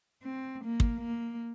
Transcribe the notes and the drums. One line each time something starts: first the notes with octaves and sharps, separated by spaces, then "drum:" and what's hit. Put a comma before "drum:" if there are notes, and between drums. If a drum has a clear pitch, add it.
C4
A#3
drum: kick
A#3